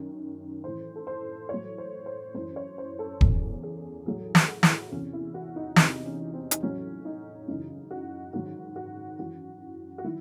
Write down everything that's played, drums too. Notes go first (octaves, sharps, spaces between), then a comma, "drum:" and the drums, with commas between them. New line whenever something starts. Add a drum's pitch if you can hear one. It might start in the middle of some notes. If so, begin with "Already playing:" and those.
Already playing: F#2 D#3
A2 E3 C5
A4
C5
A2 F#3 C#5
C5
C5
F#2 E3 C5
C#5
C5
A4
E2 C#3 F#3, drum: kick
G#4
A2 F#3 G#4
F#4, drum: snare
E4, drum: snare
E2 C3 E3 C#4
E4
F#4
D#4
E2 C3 E3 D#4, drum: snare
C#4
C4
D#4, drum: hi-hat
A2 F#3 C#4
D#4
F#2 C#3 E3 D#4
F#4
G#2 D#3 F#3 F#4
F#4
F#2 E3 F#4
F#4
D#3 F#3 E4